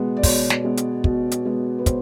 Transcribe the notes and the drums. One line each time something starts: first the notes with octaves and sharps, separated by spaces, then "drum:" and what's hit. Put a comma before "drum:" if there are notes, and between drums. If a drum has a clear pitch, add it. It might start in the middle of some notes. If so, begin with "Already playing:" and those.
Already playing: B2 G#3 B3
D5
B2 C#5, drum: kick, open hi-hat
drum: snare
G#3 B3
drum: hi-hat
B2, drum: kick
drum: hi-hat
G#3 B3
B4
B2 C5, drum: kick, hi-hat